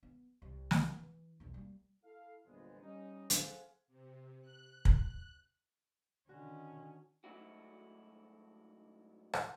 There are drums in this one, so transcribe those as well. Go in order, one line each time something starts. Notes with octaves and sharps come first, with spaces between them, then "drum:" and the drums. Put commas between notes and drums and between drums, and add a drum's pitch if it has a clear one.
B3
C2
drum: snare
E3
B1 E2
G3 A#3
E4 A4 F5
G1 E2 A#2 F3 G#3 B3
G3 C#4 D#4
G#4 A4 C5 F5 F#5 G#5, drum: hi-hat
C3
F#6
drum: kick
D3 D#3 C#4 F#4
G#2 F#3 A3 D#4 E4 F#4
drum: rim click